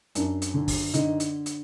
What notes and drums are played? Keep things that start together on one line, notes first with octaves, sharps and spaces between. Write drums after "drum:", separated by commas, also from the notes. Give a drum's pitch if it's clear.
F#2 D4, drum: hi-hat
drum: hi-hat
D3
drum: kick, open hi-hat
D3 D#4, drum: hi-hat
drum: hi-hat
drum: hi-hat